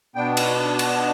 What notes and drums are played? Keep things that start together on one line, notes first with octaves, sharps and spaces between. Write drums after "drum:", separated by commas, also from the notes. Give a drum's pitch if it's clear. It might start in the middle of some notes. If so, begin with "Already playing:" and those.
B2 B3 D4 G5
drum: cymbal
drum: cymbal